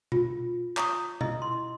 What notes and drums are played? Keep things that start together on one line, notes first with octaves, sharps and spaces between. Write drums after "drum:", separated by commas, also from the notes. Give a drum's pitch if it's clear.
F4, drum: tom B2
C#5 A#5 C#6 D#6, drum: clap
E4 D#5, drum: tom B2
C6